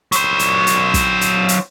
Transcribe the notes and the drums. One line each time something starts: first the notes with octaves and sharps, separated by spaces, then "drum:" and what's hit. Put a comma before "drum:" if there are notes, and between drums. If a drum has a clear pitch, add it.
F#3 C5, drum: hi-hat
drum: hi-hat
drum: hi-hat
drum: kick, hi-hat
drum: hi-hat
drum: hi-hat